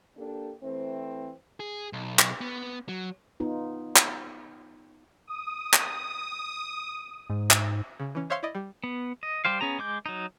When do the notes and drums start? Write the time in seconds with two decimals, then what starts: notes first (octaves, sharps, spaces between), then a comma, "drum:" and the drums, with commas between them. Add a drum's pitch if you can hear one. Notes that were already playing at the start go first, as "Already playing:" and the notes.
0.15 A#3 D4 G4 A4
0.61 E3 A3 C4
1.60 G#4
1.93 B1
2.19 drum: clap
2.41 B3
2.88 F#3
3.40 B3 D#4 F4
3.96 drum: clap
5.27 D#6
5.73 drum: clap
7.30 G#2
7.51 drum: clap
8.00 C#3
8.15 E3 C#4
8.30 C5 C#5 E5 F5 C6 C#6
8.43 E4 D5 D#5
8.55 G3
8.84 B3
9.23 D#5
9.45 G3 G4 C5 F5
9.61 B3 C#4 G#4 A#5
9.79 G#3 D6 G6
10.06 F#3 D#4